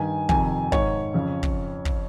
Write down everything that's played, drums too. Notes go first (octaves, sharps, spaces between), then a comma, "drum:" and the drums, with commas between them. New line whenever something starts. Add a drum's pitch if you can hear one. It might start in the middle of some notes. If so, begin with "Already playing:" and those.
Already playing: G2 D#3 G#5
F2 C3 D#3 G#5, drum: kick
G#2 D#3 C#5, drum: kick
F2 C#3
drum: kick
drum: kick